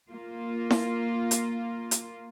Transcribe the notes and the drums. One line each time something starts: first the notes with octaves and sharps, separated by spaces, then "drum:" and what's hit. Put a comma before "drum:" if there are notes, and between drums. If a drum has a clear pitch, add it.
A#3 F4
drum: snare E4
drum: hi-hat
drum: hi-hat